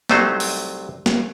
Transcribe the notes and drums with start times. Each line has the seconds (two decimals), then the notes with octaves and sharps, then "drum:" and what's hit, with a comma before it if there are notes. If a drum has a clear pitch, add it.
0.09 C2 C3 F#3 A3 D#4 C5, drum: snare
0.40 drum: open hi-hat
1.06 drum: snare